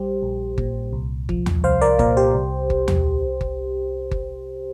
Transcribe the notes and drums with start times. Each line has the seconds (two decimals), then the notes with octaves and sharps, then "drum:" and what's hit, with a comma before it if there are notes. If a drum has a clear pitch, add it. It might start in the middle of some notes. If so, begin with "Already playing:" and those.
Already playing: A#1 G3 G4 C5
0.22 A#1
0.58 A#2, drum: kick G1
0.93 C2
1.29 F3, drum: kick G1
1.46 drum: tom
1.64 C2 C5 F5
1.81 A#4 D5
1.99 A#2 A#4 D5, drum: kick G1
2.17 G4 C5
2.34 C2
2.70 drum: kick G1
2.88 drum: tom
3.41 drum: kick G1
4.11 drum: kick G1